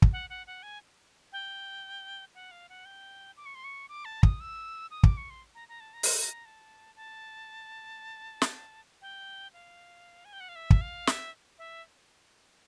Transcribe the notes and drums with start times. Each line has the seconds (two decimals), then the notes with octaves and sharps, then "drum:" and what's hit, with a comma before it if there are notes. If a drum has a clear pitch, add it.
0.02 drum: kick
0.13 F#5
0.30 F#5
0.47 F#5
0.63 G#5
1.32 G5
2.35 F#5
2.51 F5
2.69 F#5
2.85 G5
3.37 D6
3.46 C#6
3.55 C6
3.64 C#6
3.89 D6
4.05 A5
4.23 D#6, drum: kick
4.40 E6
4.91 D#6
5.03 D6, drum: kick
5.17 C#6
5.30 C6
5.55 A#5
5.69 A#5
5.80 A5
5.94 A#5
6.03 drum: open hi-hat
6.20 A#5
6.45 A5
6.96 A5
8.42 drum: snare
9.01 G5
9.53 F5
10.25 G#5
10.33 G5
10.40 F#5
10.49 F5
10.56 E5
10.70 drum: kick
10.81 F5
11.07 E5, drum: snare
11.58 E5